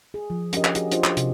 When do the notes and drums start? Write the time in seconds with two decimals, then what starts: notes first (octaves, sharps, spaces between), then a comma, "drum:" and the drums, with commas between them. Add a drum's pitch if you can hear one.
0.14 G#4
0.30 F3
0.53 C#4 D4 G4 A#4 D#5, drum: hi-hat
0.64 drum: clap
0.75 F#4 G#4, drum: hi-hat
0.92 D4 F4 G4 C5 D#5, drum: hi-hat
1.04 drum: clap
1.17 C3, drum: hi-hat